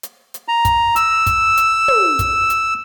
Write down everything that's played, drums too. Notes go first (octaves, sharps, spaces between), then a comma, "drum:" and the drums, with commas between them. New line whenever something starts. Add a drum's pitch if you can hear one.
drum: hi-hat
drum: hi-hat
A#5
drum: kick, hi-hat
E6, drum: hi-hat
drum: kick, hi-hat
drum: hi-hat
drum: tom
drum: kick, hi-hat
drum: hi-hat